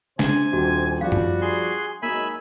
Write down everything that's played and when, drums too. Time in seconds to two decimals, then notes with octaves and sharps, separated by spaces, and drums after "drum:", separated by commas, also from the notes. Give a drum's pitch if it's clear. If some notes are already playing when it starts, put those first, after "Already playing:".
0.19 C3 D4 C5 G#5, drum: snare
0.53 D#1 F#4
1.01 F3 G3 F#4 F5
1.12 drum: tom F#2
1.42 G#4 C6
2.03 F#3 G#3 A#3 D#4 E5 G#5 B5